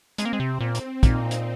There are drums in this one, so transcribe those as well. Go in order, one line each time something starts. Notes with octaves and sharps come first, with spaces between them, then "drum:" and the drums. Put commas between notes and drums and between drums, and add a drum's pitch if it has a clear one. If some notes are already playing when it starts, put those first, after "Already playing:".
G#3 C4, drum: hi-hat
A#3
G#3
C3
A#2
drum: hi-hat
A#2 D#4, drum: kick, hi-hat
drum: hi-hat